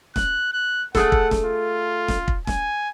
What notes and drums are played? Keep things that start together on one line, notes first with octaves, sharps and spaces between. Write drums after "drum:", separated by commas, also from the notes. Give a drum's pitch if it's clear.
F#6, drum: snare
F#6
A3 G#4 A4 F#5, drum: snare
drum: kick
drum: snare
F4
drum: snare
drum: kick
G#5, drum: snare